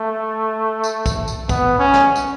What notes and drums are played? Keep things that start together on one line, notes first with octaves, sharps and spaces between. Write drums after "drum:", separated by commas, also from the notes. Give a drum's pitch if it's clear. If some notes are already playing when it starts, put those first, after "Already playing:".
Already playing: A3
drum: tambourine
drum: kick, tambourine
drum: tambourine
B3, drum: kick, tambourine
C#4
drum: snare
drum: tambourine